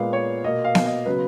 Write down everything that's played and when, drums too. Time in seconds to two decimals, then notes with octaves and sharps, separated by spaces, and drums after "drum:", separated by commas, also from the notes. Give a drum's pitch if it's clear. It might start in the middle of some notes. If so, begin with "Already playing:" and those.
Already playing: A#2 G#3 B3 F5
0.13 C#5
0.44 B2 A#3 D#5
0.64 F5
0.75 drum: snare B3
0.86 D#5
1.06 C#3 F#3 B3 B4